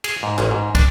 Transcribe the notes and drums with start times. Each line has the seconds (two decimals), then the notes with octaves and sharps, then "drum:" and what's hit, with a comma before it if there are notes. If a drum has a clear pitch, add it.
0.04 G#4, drum: cymbal
0.23 G#2
0.38 A1, drum: clap
0.51 G#2
0.75 D4, drum: kick, cymbal